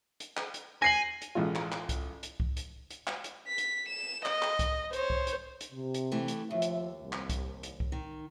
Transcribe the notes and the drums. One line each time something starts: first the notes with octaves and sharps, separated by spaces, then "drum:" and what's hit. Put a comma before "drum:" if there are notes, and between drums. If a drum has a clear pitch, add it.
drum: hi-hat
drum: clap
drum: hi-hat
G#5 A#6 C7 F#7
drum: hi-hat
A1 G#3 F4
drum: clap
drum: clap
drum: kick C2, hi-hat
drum: hi-hat
drum: kick C2
drum: hi-hat
drum: hi-hat
drum: clap
drum: hi-hat
B6
drum: hi-hat
E7
D#5, drum: clap
drum: clap
drum: kick C2, hi-hat
C5 C#5, drum: hi-hat
drum: kick C2
drum: hi-hat
drum: hi-hat
C3
drum: hi-hat
E3 A3 G4
drum: hi-hat
D#2 F3 E5
drum: hi-hat
C2
drum: clap
drum: kick C2, hi-hat
drum: hi-hat
drum: kick C2
D#3